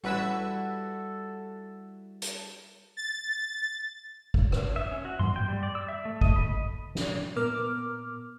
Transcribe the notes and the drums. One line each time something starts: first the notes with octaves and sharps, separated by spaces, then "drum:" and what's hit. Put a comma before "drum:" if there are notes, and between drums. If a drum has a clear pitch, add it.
A1 G3 E4 F#4 A4 B4 E6
drum: hi-hat
A6
drum: kick G#1
drum: rim click
E5
C#4
F#4
C6, drum: tom G2
G5
G3
D5
E6
E5
A3
D#5, drum: kick G#1
B5
drum: snare
A#2 B3 A#4 D6 F6